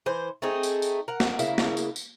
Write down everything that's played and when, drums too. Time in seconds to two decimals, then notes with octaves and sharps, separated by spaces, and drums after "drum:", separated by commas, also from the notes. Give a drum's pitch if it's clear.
0.06 E3 C5
0.42 A3 C4 D#4 G#4
0.63 drum: tambourine
0.82 drum: tambourine
1.08 A#4 F#5
1.20 drum: snare
1.39 C#3 A#3 E4, drum: tambourine
1.58 drum: snare
1.77 drum: tambourine
1.96 drum: tambourine